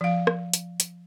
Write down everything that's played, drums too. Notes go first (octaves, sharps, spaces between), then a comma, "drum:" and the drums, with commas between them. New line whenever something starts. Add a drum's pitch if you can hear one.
F3 F5
drum: rim click
drum: hi-hat
drum: hi-hat